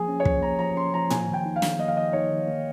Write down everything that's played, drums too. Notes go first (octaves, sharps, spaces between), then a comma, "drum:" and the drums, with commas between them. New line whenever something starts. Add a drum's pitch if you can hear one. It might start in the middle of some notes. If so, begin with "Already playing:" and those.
Already playing: F3 A#3 G#4
C#4
C#5
F3, drum: kick
A#3 A#5
F3 A#5
C#4 C6
F3 A#5
A#3 G#5, drum: tom A2
D#3
G5
D#4
F5
D#3, drum: snare
A#3 D#5
F5
D#3 D#5
D#4 C#5
D#3
A#3